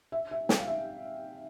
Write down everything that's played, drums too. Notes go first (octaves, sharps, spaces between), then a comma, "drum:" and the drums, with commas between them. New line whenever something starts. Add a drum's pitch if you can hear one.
E5
E5
G5, drum: snare
F5
E5